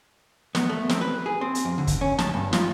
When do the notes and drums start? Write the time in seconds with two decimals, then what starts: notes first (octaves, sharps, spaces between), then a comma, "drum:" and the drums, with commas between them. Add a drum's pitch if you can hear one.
0.55 B3, drum: snare
0.69 A3
0.89 C4, drum: snare
1.01 B4
1.26 G#4
1.41 C4
1.55 drum: hi-hat
1.65 F2
1.78 D3
1.87 drum: kick, hi-hat
2.01 C#4
2.19 A5, drum: snare
2.34 G2
2.53 F4, drum: snare